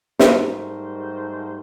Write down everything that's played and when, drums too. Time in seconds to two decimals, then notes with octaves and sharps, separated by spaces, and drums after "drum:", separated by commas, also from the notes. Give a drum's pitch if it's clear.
0.19 G#2 G3 A3 A#4 C5, drum: snare